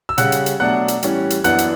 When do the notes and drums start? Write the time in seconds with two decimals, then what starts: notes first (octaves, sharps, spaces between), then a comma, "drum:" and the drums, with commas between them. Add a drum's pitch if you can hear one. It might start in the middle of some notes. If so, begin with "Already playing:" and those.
0.09 E6
0.18 C#3 G3 C#4 F#5 F#6, drum: hi-hat
0.32 drum: hi-hat
0.46 drum: hi-hat
0.60 B2 F#3 A3 D4 F#5 F#6
0.88 drum: hi-hat
1.03 A2 E3 G3 C#4, drum: hi-hat
1.30 drum: hi-hat
1.44 F#2 E3 B3 D4 F#5 F#6, drum: hi-hat
1.58 drum: hi-hat